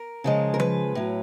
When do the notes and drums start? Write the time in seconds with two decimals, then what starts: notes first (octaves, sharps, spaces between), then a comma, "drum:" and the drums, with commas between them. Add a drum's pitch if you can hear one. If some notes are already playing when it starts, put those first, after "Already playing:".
Already playing: A#4
0.24 C#3 F3 G#3
0.54 A#4
0.60 B4, drum: tom F3
0.95 A2 F#3